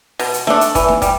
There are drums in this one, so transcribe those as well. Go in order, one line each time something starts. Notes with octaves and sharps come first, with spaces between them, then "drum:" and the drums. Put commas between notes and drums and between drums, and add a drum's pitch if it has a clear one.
B2, drum: open hi-hat
drum: hi-hat
A3 D4, drum: snare D#4
drum: hi-hat
E3, drum: kick, hi-hat
drum: snare D#4
G3, drum: kick, hi-hat